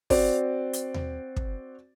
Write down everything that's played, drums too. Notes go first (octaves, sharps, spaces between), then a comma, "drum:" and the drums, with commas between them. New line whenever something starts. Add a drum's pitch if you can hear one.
C4 F#4 C5 D5, drum: kick, open hi-hat
drum: hi-hat
drum: tom D#2
drum: kick